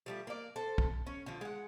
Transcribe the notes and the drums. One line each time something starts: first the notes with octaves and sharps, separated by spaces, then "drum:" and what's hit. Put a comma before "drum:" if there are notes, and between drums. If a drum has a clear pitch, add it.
F3 G3 A3
A#3 D5
A4 C5
drum: kick
C#4
D3 F3
G#3 F#5